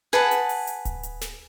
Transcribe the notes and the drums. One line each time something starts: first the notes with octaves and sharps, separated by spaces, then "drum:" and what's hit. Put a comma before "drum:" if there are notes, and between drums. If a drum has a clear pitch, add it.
G#4 B4 F#5 A5
drum: hi-hat
drum: open hi-hat
drum: hi-hat
drum: kick D1, hi-hat
drum: hi-hat
drum: snare